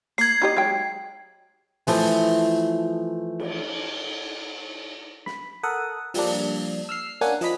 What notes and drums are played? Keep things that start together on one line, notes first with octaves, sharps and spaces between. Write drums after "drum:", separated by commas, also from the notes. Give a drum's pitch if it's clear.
A#3 G#6 C7, drum: hi-hat
D#4 G4 D#5
F#3 G#3 G5
E3 F3 A3, drum: open hi-hat
drum: cymbal
B5, drum: snare
A4 A#4 F#5 D#6
F3 G3 A#3 D4, drum: open hi-hat
E6 F6 C7
A#3 C#4 D4 F#5 G#5, drum: hi-hat
F3 D#5 B5 B6, drum: hi-hat